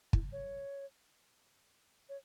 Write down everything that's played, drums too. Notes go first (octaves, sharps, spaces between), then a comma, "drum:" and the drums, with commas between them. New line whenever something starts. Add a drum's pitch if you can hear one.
E4, drum: kick
C#5
C#5